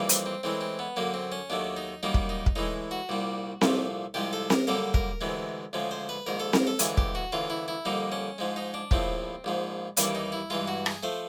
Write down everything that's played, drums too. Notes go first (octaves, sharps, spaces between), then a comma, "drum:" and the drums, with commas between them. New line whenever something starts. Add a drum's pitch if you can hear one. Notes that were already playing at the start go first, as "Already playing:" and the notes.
Already playing: F2 C#3 E3 G3 A#3
C4, drum: hi-hat
C4
A2 E3 G#3 C4
C4
B3
F#2 D3 F#3 A#3
C4
C#4
D#2 D#3 F#3 A3 D4
D#4
F#2 D#3 G3 A#3 D#4
drum: kick
D#4
drum: kick
A2 E3 G#3 D#4
F#4
C2 A#2 G3
C2 A#2 F3 A3, drum: snare C4
C2 C3 F3 G#3 G4
A4
A#4, drum: snare C4
F#2 D3 G3 A#3 A4
A#4, drum: kick
D2 C3 E3 G#3
D2 C#3 F3 G#3
C5
B4
A#1 G#2 D#3 A#4
A4
A#4, drum: snare C4
A4
D2 C#3 E3 G#3 G#4, drum: hi-hat
G4, drum: kick
F#4
D2 C#3 E3 F4
E4
E4
F2 D3 G3 A#3 D#4
C#4
G#2 F3 G#3
D#4
D4
A#1 A2 F3 A3 C4, drum: kick
A#1 G#2 F3
D#2 C#3 E3 G3 A#3 D4, drum: hi-hat
D#4
E4
G2 E3 G#3 F4
F#4
G#4, drum: rim click
F3 A3 C5